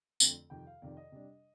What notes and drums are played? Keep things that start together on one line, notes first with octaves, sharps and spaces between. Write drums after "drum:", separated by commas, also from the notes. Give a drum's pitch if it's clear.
F2 D3 A3 C4, drum: tambourine
F2 C3 D#3 G5
F5
F2 C3 D#3 D5
D#5
C3 G3 D4